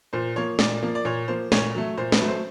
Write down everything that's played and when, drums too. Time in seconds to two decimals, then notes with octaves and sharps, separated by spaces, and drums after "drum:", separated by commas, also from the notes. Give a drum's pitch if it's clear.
0.13 A#2 C5
0.36 F3 A#3 C#5
0.59 A#2 D5, drum: snare
0.83 F3 A#3
0.95 D5
1.05 A#2 C#5
1.28 F3 A#3 C5
1.52 A#2 C#5, drum: snare
1.75 F#3 A3
1.97 A#2 C5
2.12 B4, drum: snare
2.20 F#3 A3
2.28 C5